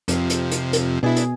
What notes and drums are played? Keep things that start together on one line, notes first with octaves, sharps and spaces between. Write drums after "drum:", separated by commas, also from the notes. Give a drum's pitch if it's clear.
F2 C3 F3, drum: hi-hat
drum: hi-hat
drum: hi-hat
drum: hi-hat
B2 D4 E4 G#4
drum: hi-hat